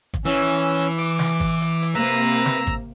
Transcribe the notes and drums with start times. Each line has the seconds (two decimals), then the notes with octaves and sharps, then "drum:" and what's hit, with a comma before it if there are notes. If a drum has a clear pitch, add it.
0.14 drum: kick G#1, hi-hat
0.25 E3 C#4 E6
0.35 drum: hi-hat
0.56 drum: hi-hat
0.77 drum: hi-hat
0.98 D6, drum: hi-hat
1.19 drum: snare
1.40 drum: kick G#1, hi-hat
1.61 drum: hi-hat
1.82 drum: hi-hat
1.95 C3 A#3 B4 A#5 E6
2.25 drum: hi-hat
2.46 drum: snare
2.67 drum: kick G#1, hi-hat